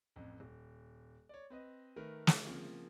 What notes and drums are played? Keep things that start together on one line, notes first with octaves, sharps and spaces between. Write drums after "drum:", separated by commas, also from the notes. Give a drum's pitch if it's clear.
A1 F2
D#1
C#5 D5
C4 B4 D#5
D#3 A3 A#4 B4
drum: snare
C#3 F3 A#3 C4